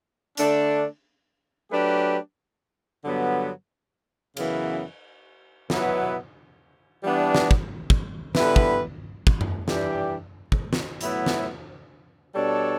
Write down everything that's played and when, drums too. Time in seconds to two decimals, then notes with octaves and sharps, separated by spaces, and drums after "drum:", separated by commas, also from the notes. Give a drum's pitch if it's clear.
0.37 D3 A3 D4, drum: hi-hat
1.71 F#3 A3 D4 G4 B4
3.04 G2 D3 F#3 B3
4.37 F#2 C#3 E3 B3, drum: cymbal
5.70 B2 F#3 B3 E4 B4, drum: snare
7.03 E3 G3 B3 D4
7.35 drum: snare
7.51 drum: kick
7.90 drum: kick
8.35 D3 G3 B3 E4 B4, drum: snare
8.56 drum: kick
9.27 drum: kick
9.41 drum: tom F#2
9.68 E3 G3 D4 G4, drum: snare
10.52 drum: kick
10.73 drum: snare
11.01 A2 F#3 B3 E4, drum: hi-hat
11.26 drum: snare
12.34 B2 G3 D4 A4 C#5